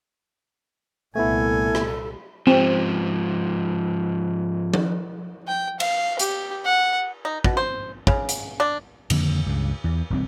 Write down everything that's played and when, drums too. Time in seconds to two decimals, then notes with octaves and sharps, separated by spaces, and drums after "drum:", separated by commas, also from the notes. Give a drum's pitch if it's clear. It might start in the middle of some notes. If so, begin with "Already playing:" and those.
1.15 C2 A#2 A3 B3 E4 A4 G#5
1.75 drum: rim click
2.47 G#2 F3 C4
4.73 drum: tom F3
5.48 G5
5.80 F5, drum: cymbal
6.19 G4, drum: hi-hat
6.65 F#5
7.25 D#4
7.44 B2, drum: kick
7.57 C5
8.07 C#3, drum: kick
8.29 drum: hi-hat
8.60 D4
9.10 F2 D3 D#3 A#3, drum: cymbal
9.46 C#2 G2 C#3
9.84 E2
10.10 E1 C2 C4